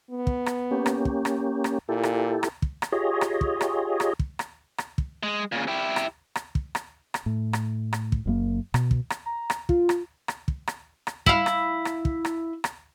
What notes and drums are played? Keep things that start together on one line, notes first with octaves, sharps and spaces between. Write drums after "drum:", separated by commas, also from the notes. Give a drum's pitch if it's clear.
B3
drum: kick
drum: rim click
A#3 C#4 G4
drum: rim click
drum: kick
drum: rim click
drum: rim click
A#2 E4 G4 A4
drum: rim click
drum: rim click
drum: kick
drum: rim click
F4 G4 G#4 C#5 D#5
drum: rim click
drum: kick
drum: rim click
drum: rim click
drum: kick
drum: rim click
drum: rim click
drum: kick
G#3
A#2 C#3
E4 G4
drum: rim click
drum: rim click
drum: kick
drum: rim click
drum: rim click
A2
drum: rim click
drum: rim click
drum: kick
F#1 F#2 A#3
B2, drum: rim click
drum: kick
drum: rim click
A#5
drum: rim click
F4, drum: kick
drum: rim click
drum: rim click
drum: kick
drum: rim click
drum: rim click
E4 F5, drum: kick
drum: rim click
drum: rim click
drum: kick
drum: rim click
drum: rim click